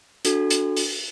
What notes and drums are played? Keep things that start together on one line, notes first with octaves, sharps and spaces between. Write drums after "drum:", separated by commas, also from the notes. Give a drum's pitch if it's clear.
D4 F#4 A4, drum: hi-hat
drum: hi-hat
drum: open hi-hat